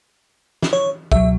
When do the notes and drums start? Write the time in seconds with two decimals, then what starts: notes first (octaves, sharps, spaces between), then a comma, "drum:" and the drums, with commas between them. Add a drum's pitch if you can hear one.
0.63 drum: snare
0.73 C#5
1.12 C#2 B2 F#3 E5, drum: kick